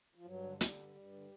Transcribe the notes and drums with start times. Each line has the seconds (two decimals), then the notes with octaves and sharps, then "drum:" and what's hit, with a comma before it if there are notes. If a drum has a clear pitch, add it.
0.15 F3
0.25 G2 F#3
0.43 D3
0.52 G3
0.61 D3, drum: hi-hat
0.77 G2
0.95 G2
1.13 D3